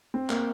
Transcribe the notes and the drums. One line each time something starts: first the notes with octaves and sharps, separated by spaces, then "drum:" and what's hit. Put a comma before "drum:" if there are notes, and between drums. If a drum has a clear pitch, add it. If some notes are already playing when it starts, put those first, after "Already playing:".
C4
A#3, drum: clap